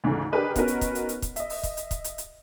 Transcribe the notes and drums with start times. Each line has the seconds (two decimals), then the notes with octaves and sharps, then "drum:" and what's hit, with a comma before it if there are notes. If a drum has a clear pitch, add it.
0.04 D2 G#2 C#3 E3 A3
0.32 D4 G4 G#4 A#4 B4 D#5
0.56 B3 C#4 D#4 F#4 A#4 B4, drum: kick, hi-hat
0.68 drum: hi-hat
0.81 drum: kick, hi-hat
0.95 drum: hi-hat
1.09 drum: hi-hat
1.22 drum: kick, hi-hat
1.36 D#5 E5, drum: hi-hat
1.50 drum: open hi-hat
1.63 drum: kick, hi-hat
1.77 drum: hi-hat
1.91 drum: kick, hi-hat
2.04 drum: hi-hat
2.18 drum: hi-hat